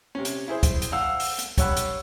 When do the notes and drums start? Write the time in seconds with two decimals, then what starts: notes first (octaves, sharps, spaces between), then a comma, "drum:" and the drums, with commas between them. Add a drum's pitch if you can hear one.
0.15 C3 C#4
0.25 drum: hi-hat
0.48 E4 G#4 C5
0.63 drum: kick, hi-hat
0.82 drum: hi-hat
0.92 F5 F#5 E6
1.20 drum: open hi-hat
1.39 drum: hi-hat
1.58 G2 C#5 F#5 B5 E6, drum: kick, hi-hat
1.77 drum: hi-hat